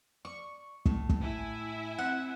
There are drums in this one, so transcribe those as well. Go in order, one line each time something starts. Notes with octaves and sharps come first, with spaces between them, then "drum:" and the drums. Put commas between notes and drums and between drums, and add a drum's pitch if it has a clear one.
D5 C#6
A2, drum: kick
drum: kick
E4 E5 G#5
C4 F#5